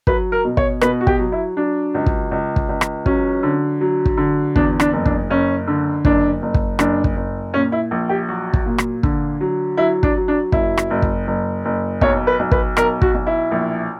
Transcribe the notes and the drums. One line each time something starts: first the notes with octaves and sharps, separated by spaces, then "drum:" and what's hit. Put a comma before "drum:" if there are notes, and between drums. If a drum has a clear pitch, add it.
F#3 B4, drum: kick
A#4
B2
C#5, drum: kick
B2 B4, drum: rim click
F#4
G4, drum: kick
F#3
E4
F#3 D4
C#2
drum: kick
C#2
drum: kick
C#2
drum: rim click
F#3 C#4, drum: kick
D3
F#3
drum: kick
D3
E2 D4, drum: kick
D4, drum: rim click
F#1
D4, drum: kick
F#1 C#4
D3
F#1 D4, drum: kick
F#1
drum: kick
F#1 D4, drum: rim click
drum: kick
F#1
A#2 C#4
E4
A#1
G4
F#3 F#4
drum: kick
A#2
drum: rim click
D3, drum: kick
F#3
F#3 E4
D4, drum: kick
F#3
D4
F#1 E4, drum: kick
drum: rim click
F#1
drum: kick
F#1
F#1
B1 C#5, drum: kick
B4
B1
B4, drum: kick
B1 A#4, drum: rim click
F#4, drum: kick
B1
E4
A#1